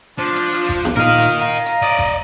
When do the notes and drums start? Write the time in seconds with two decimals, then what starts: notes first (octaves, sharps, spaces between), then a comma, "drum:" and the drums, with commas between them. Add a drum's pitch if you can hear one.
0.18 F3 D4
0.36 drum: hi-hat
0.52 drum: hi-hat
0.69 drum: kick, hi-hat
0.85 drum: snare B3
0.96 A#2 D#4 F4 A#4 D#5 F5
1.17 drum: open hi-hat
1.41 F5 A#5
1.66 drum: hi-hat
1.82 D5 D#5, drum: hi-hat
1.99 drum: kick, hi-hat